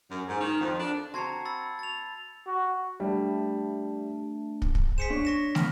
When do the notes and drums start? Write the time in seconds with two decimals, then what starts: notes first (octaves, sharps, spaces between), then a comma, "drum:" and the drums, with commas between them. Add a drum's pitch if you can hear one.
0.10 F#2
0.28 G#2
0.40 D#3
0.60 F2
0.79 D4
1.14 C4 F#4 A5 A#5 C#6 G#6 C7
1.45 B5 E6 A6
1.79 A6 F7
2.47 F#4
3.00 G3 A3 D4
4.62 drum: kick
4.75 drum: kick
4.98 G#4 C5 B6 C#7 E7
5.10 D4 C#5
5.25 C#6 A#6 E7
5.55 B4 F6, drum: snare